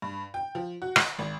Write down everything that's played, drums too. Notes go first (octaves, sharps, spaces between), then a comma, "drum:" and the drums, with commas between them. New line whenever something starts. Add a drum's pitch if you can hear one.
G2
G5
F3
F#4
drum: rim click
G#1